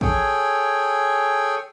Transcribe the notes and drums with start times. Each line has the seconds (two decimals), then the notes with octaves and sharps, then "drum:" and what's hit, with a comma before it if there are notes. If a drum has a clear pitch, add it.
0.01 G#4 A4 C#5 G5 G#5, drum: kick